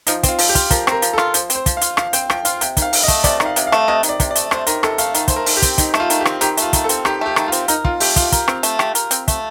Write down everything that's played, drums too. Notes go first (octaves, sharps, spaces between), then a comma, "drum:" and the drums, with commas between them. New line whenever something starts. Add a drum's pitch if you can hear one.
F3 D#4, drum: hi-hat
C4, drum: kick, hi-hat
F4
F3, drum: open hi-hat
G4
F4, drum: kick, hi-hat
F3 A#4, drum: kick, hi-hat
C4 A#4, drum: rim click
F3, drum: hi-hat
A4
F4, drum: rim click
F3 C5, drum: hi-hat
C4, drum: hi-hat
C5
F3, drum: kick, hi-hat
F5
F4, drum: hi-hat
F3 F5, drum: rim click
C4 G5, drum: hi-hat
F3 G5, drum: rim click
F4 F5, drum: hi-hat
C3 G5, drum: hi-hat
D#3, drum: kick, hi-hat
F5
C3, drum: open hi-hat
D#5
A3, drum: kick, hi-hat
C3 D5, drum: kick, hi-hat
D#3, drum: rim click
F5
C3, drum: hi-hat
F5
A3, drum: rim click
C3 D#5
D#3, drum: hi-hat
D5
C3, drum: kick, hi-hat
D5
A3, drum: hi-hat
C3 C5, drum: rim click
D#3 A#4, drum: hi-hat
C3 A4, drum: rim click
A3 F5, drum: hi-hat
D#3 F5, drum: hi-hat
A3 C5, drum: kick, hi-hat
A#4
D#3, drum: open hi-hat
G4
C4, drum: kick, hi-hat
D#3 D#4, drum: kick, hi-hat
A3, drum: rim click
F4
D#3, drum: hi-hat
G4
C4, drum: rim click
D#3 G4, drum: hi-hat
A3 F4, drum: hi-hat
D#3, drum: kick, hi-hat
A4
C4, drum: hi-hat
D#3 G4, drum: rim click
A3 G4
D#3, drum: rim click
F4
C4, drum: hi-hat
D#4 A#4, drum: hi-hat
C4 F4, drum: kick
A3 G4, drum: open hi-hat
F4 G4, drum: kick, hi-hat
A#4, drum: kick, hi-hat
C4, drum: rim click
A3, drum: hi-hat
G4, drum: rim click
A#4, drum: hi-hat
C4, drum: hi-hat
A3, drum: kick, hi-hat